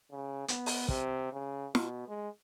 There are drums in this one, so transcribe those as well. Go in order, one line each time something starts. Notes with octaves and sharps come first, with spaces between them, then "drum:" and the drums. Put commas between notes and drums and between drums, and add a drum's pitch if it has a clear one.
C#3
B3, drum: hi-hat
drum: open hi-hat
C3, drum: kick
C#3
B2, drum: snare
G#3